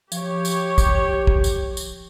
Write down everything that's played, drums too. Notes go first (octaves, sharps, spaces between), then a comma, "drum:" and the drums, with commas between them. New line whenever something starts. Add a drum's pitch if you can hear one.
F3 G4 C#5, drum: tambourine
drum: tambourine
drum: kick, tambourine
drum: kick
drum: tambourine
drum: tambourine